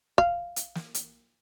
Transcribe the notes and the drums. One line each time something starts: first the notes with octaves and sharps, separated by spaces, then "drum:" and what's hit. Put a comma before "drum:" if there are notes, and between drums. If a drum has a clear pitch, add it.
F5, drum: kick
drum: hi-hat
drum: snare
drum: hi-hat